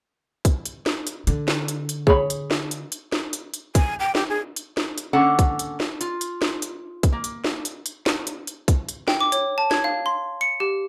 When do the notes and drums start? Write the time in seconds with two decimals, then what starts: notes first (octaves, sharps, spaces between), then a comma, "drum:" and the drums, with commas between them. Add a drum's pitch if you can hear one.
0.45 drum: kick, hi-hat
0.65 drum: hi-hat
0.86 drum: snare
1.07 drum: hi-hat
1.27 D3, drum: hi-hat
1.48 drum: snare
1.68 drum: hi-hat
1.89 drum: hi-hat
2.07 G#4 C#5 B5, drum: kick
2.30 drum: hi-hat
2.51 drum: snare
2.71 drum: hi-hat
2.92 drum: hi-hat
3.12 drum: snare
3.33 drum: hi-hat
3.54 drum: hi-hat
3.75 G#5, drum: kick, hi-hat
3.99 G5
4.15 G4, drum: snare
4.29 G#4
4.56 drum: hi-hat
4.77 drum: snare
4.98 drum: hi-hat
5.13 D3 A#3 C#4 A4 F#5
5.39 drum: kick, hi-hat
5.59 drum: hi-hat
5.80 drum: snare
6.01 F4, drum: hi-hat
6.21 drum: hi-hat
6.42 drum: snare
6.62 drum: hi-hat
7.03 drum: kick, hi-hat
7.12 A#3
7.24 drum: hi-hat
7.45 drum: snare
7.65 drum: hi-hat
7.86 drum: hi-hat
8.06 drum: snare
8.27 drum: hi-hat
8.47 drum: hi-hat
8.68 drum: kick, hi-hat
8.89 drum: hi-hat
9.08 G5, drum: snare
9.20 D6
9.32 C#5, drum: hi-hat
9.58 A5
9.71 G#6, drum: snare
9.84 F5
10.06 C6
10.41 C#7
10.60 G4